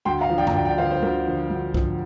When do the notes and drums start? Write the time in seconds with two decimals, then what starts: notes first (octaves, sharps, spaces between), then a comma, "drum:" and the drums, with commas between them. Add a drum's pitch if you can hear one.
0.05 D2 G5 C6
0.21 F5 A#5
0.30 D3 F3
0.37 D5 G5
0.47 A#5, drum: tom F#2
0.53 D2 D5 G5
0.65 D5 G5
0.78 D3 F3 C5 F5
0.91 C5
1.02 D2 A#4
1.27 D3 F3
1.50 D2
1.74 D3 F3, drum: kick